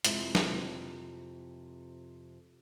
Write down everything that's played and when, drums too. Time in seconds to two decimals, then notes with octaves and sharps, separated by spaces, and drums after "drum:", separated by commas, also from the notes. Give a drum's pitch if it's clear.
0.04 F2 C3 G#3 E4, drum: hi-hat
0.35 drum: snare